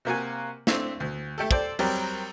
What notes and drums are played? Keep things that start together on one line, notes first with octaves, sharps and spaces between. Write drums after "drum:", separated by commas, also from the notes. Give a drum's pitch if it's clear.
C3 A#3 F#4 G#5
A3 C4 D4 E4, drum: snare
D2
A3 G4 A4
A4 C5 D5 G5, drum: kick
F#3 G3 C4 G4 A#4, drum: cymbal